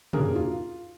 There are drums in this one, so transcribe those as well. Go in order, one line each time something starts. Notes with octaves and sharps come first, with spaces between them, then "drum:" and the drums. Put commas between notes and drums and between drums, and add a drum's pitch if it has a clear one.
A#3 C#4 D4 G4 G#4 A#4, drum: tom
F4